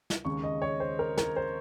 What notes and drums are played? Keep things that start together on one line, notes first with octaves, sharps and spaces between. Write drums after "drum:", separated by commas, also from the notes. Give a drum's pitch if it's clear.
drum: snare
D#2 C#3 G#3 C#6
D#5
C#5
C5
A#4
A#4, drum: snare
C5